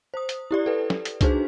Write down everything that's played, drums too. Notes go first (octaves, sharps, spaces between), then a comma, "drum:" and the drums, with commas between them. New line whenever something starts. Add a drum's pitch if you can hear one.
C5 D#6
drum: hi-hat
E4 G4 D5
A4 B4
drum: snare
drum: hi-hat
D4 D#4 F#4 G#4 C5, drum: kick C2, hi-hat